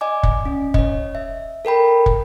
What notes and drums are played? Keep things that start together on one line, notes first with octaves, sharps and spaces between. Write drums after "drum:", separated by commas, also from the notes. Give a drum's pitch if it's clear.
D5 D#5 G#5 D6
drum: kick
C#4
C#5 D#5, drum: kick
E5
A4 A#4 G5 B5
drum: kick